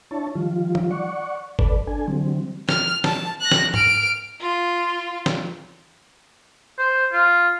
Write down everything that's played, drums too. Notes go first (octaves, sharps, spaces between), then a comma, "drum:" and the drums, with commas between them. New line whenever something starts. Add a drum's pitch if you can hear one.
D4 E4 C#5 A5
D#3 F3 G3 F4
drum: tom
D5 F#5 C#6
A4 B4 D5, drum: kick G1
D4 A4 G#5
D3 E3 F#3 G3 C4
F6, drum: snare
A5, drum: snare
F#6 A#6
drum: snare
F6 D7, drum: tom G#2
F4
drum: snare
C5
F4